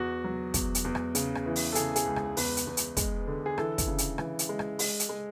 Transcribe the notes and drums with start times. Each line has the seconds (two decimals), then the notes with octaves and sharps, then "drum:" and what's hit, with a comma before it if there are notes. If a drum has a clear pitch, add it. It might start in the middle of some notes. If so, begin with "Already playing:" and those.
Already playing: E2 F#4
0.24 F#3
0.54 E2, drum: kick, hi-hat
0.75 drum: hi-hat
0.85 E2
0.95 drum: rim click
1.15 C#3, drum: hi-hat
1.35 drum: rim click
1.46 E3
1.56 drum: open hi-hat
1.72 A4
1.75 C#3 G#4, drum: hi-hat
1.96 G#4, drum: hi-hat
2.06 C#2
2.16 drum: rim click
2.37 E2 B4, drum: open hi-hat
2.57 drum: hi-hat
2.67 E2
2.77 drum: hi-hat
2.97 G#3, drum: kick, hi-hat
3.27 D3
3.46 G#4
3.58 E3 A4, drum: rim click
3.78 drum: kick, hi-hat
3.88 C#3
3.98 drum: hi-hat
4.18 E3, drum: rim click
4.39 drum: hi-hat
4.49 G#3
4.59 drum: rim click
4.79 G#3, drum: open hi-hat
5.00 drum: hi-hat
5.09 G#3